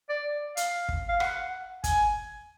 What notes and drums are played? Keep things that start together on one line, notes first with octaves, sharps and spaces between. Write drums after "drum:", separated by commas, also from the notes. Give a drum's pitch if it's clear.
D5
F5, drum: hi-hat
drum: kick
F5
F#5, drum: rim click
G#5, drum: kick, hi-hat